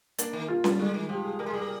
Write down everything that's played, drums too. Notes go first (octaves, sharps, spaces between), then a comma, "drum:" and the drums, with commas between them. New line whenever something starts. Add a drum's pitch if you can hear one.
A#3 D4, drum: hi-hat
D#3
F4
G3, drum: snare C#4
D3 G#3
D#3
F3 G4
G#4
G3 A#4
G#3
G3 G#4
A#4